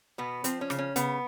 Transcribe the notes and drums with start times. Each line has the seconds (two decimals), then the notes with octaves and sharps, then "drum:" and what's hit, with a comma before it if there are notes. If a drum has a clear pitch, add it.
0.18 B2 B3
0.44 F3 C4, drum: hi-hat
0.61 C#4
0.70 C#3, drum: rim click
0.78 C#4
0.96 C#3 B3, drum: hi-hat